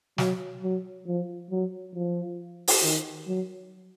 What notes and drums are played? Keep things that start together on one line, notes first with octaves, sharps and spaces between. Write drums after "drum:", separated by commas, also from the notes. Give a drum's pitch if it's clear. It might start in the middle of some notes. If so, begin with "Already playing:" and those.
F#3, drum: snare
F#3
F3
F#3
F3
drum: open hi-hat
D#3
F#3